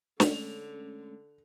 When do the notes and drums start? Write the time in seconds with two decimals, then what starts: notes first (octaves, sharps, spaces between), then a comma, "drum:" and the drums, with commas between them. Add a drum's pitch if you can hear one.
0.20 D3 G#3 A3 C#4 F7, drum: snare